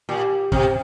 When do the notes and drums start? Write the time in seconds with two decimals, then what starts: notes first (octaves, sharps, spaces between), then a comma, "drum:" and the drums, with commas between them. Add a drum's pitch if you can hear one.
0.09 A#2 G4
0.52 C3, drum: kick